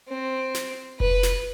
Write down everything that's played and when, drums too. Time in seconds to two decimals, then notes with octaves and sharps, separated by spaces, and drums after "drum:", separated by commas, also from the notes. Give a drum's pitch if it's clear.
0.09 C4
0.55 drum: snare
1.00 B4, drum: kick F1
1.23 drum: snare